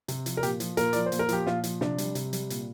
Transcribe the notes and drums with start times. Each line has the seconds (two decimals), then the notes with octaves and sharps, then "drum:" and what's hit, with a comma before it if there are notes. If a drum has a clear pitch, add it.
0.08 C3, drum: hi-hat
0.26 F3, drum: hi-hat
0.37 A#4
0.43 A#2 G4, drum: hi-hat
0.60 F3, drum: hi-hat
0.77 A#2 A#4, drum: hi-hat
0.93 F3 D5, drum: hi-hat
1.06 C5
1.12 A#2, drum: hi-hat
1.19 A#4
1.29 F3 G4, drum: hi-hat
1.46 A#2 F4, drum: snare
1.64 F3, drum: hi-hat
1.81 C3 D4, drum: snare
1.98 G3, drum: hi-hat
2.15 C3, drum: hi-hat
2.33 G3, drum: hi-hat
2.50 A#2, drum: hi-hat